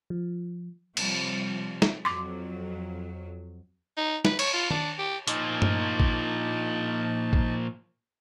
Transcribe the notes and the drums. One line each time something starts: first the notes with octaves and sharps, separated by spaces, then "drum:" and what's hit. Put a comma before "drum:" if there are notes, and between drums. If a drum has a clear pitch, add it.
F3
C3 F3 G3, drum: cymbal
drum: snare
F2 F#3 C6 D6
D#4
B4, drum: snare
C#5, drum: cymbal
F4
D4, drum: tom D#3
G4
A#2 F3 D#4 A5, drum: hi-hat
drum: tom G2
drum: kick A1
drum: kick A1